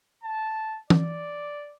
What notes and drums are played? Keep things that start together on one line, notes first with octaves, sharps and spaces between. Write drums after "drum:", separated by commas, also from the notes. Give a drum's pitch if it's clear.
A5
D5, drum: tom E3